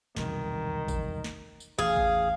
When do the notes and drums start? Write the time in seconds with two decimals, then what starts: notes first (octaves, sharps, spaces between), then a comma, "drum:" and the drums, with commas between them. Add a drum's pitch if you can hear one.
0.16 E1 C2 F2 D#3, drum: snare
0.88 drum: kick A1, tambourine
1.24 drum: snare
1.60 drum: tambourine
1.79 A1 E2 A2 G#4 F5
1.96 drum: kick A1